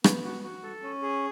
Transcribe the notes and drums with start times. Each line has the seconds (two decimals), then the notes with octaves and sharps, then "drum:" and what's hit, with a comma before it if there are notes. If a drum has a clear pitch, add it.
0.04 B3, drum: rim click
0.24 F#4
0.43 F#4
0.63 A4
0.82 C#4
1.02 G#4